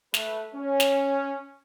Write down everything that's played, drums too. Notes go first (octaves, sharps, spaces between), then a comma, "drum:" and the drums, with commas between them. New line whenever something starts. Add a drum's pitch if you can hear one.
A3 B4, drum: snare
C#4
drum: snare